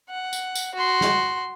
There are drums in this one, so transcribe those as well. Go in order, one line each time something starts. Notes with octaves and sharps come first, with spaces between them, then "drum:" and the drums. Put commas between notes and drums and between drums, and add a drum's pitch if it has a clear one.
F#5
drum: tambourine
drum: tambourine
F#4 C6
drum: snare